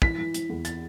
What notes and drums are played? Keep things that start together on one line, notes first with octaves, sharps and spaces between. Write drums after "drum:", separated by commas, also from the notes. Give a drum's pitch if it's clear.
E3 B6, drum: kick
E3
E3, drum: hi-hat
E2
A6, drum: hi-hat